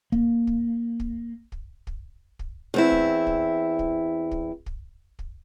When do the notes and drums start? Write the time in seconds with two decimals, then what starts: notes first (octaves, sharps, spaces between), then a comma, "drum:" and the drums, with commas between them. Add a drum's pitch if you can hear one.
0.12 A#3, drum: kick
0.47 drum: kick
1.00 drum: kick
1.52 drum: kick
1.87 drum: kick
2.39 drum: kick
2.74 E2 C4 E4
2.92 drum: kick
3.27 drum: kick
3.79 drum: kick
4.31 drum: kick
4.66 drum: kick
5.19 drum: kick